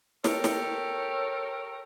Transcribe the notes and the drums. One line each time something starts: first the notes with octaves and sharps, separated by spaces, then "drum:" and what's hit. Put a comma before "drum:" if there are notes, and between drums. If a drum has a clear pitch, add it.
G4 A4 A#4 C#5, drum: snare
drum: snare